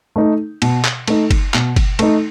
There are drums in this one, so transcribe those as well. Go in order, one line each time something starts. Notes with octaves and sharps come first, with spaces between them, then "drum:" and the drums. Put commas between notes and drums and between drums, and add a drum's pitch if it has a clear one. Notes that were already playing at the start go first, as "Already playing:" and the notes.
A3 D#4
B2, drum: cymbal
drum: clap
A3 D#4, drum: cymbal
drum: kick F#1, cymbal
B2, drum: clap
drum: kick F#1, cymbal
A3 D#4, drum: cymbal